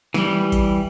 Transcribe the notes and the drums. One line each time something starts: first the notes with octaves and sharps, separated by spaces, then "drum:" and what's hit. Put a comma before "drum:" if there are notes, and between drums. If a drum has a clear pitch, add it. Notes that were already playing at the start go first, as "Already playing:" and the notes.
E3 G3, drum: snare
drum: kick A1, hi-hat